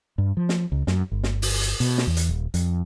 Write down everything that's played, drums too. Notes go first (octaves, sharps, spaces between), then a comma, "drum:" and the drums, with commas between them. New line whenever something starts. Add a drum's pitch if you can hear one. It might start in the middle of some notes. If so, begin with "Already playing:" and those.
G2
F3
drum: snare
C#2
F#2, drum: snare
G1
drum: snare
drum: open hi-hat
drum: hi-hat
B2, drum: hi-hat
drum: snare
E2
drum: hi-hat
D#1
F2, drum: hi-hat